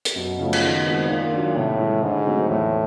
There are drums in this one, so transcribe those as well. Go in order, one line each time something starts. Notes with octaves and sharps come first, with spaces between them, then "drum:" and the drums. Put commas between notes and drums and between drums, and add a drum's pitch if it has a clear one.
drum: hi-hat
F#2 B2
C#3 F3 A3 C#4
drum: cymbal
D#3
G#3 C4
A#2 D#3
F#3 A#3 D4
A2 C3
E3 G#3
G#2 D3
F#3 A3 C4 D#4
E2 A2